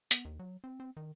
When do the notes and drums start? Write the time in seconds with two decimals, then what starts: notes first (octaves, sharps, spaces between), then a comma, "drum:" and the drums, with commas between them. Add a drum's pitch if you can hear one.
0.11 B3, drum: hi-hat
0.25 D#2
0.39 F#3
0.64 C4
0.80 C4
0.97 D#3